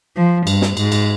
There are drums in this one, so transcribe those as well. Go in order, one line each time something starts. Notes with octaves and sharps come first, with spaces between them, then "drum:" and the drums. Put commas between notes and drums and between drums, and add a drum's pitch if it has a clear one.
F3
G2, drum: cymbal
drum: snare
G#2, drum: cymbal
drum: cymbal